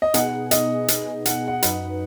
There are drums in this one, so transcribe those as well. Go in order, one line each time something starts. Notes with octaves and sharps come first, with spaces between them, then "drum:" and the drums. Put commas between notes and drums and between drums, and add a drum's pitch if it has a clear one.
D#5
B2 B3 D#4 G#4 F#5, drum: hi-hat
D#5, drum: hi-hat
drum: hi-hat
F#5, drum: hi-hat
F#5
F#2 F#3 D#4 B4, drum: hi-hat